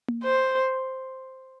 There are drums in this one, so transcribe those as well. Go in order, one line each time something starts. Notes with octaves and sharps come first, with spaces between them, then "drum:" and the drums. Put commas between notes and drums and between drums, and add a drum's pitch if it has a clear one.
drum: tom A#3
C5